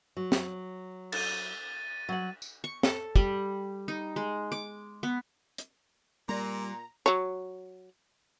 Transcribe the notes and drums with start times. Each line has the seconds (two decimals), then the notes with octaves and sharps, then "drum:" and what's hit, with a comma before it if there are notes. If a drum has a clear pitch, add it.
0.17 F#3
0.32 drum: snare
1.12 A6 D#7, drum: cymbal
2.09 F#3 F#5
2.42 drum: tambourine
2.64 C#6
2.83 A4, drum: snare
3.16 G3, drum: kick
3.88 D#4
4.16 G#3
4.52 D6
5.03 B3
5.58 drum: hi-hat
6.29 A#2 G3 A#5
7.06 F#3 C#5